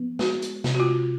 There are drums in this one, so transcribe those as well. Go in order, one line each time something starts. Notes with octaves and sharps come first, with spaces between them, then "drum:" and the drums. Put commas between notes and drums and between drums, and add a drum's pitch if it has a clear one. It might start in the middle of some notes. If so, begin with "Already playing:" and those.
Already playing: F3 B3
G#3 F#4, drum: snare
drum: hi-hat
C3, drum: snare
F#4
F4